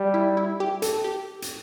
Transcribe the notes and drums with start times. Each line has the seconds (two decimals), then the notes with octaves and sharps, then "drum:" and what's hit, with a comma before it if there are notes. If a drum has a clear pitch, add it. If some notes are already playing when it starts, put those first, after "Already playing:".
Already playing: G3
0.14 E4
0.37 E4
0.60 G4
0.82 A4, drum: hi-hat
1.04 G4
1.42 drum: hi-hat